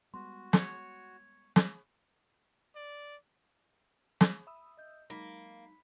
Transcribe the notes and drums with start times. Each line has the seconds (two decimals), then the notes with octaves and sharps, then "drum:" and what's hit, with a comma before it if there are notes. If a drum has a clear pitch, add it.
0.14 G3 G#3 B3 F#4 C6
0.53 C#5, drum: snare
1.56 drum: snare
2.76 D5
4.21 drum: snare
4.47 E5 B5 D#6 E6
4.78 D#5 G6
5.10 F#3 G#3 A#3 D#4 B5 B6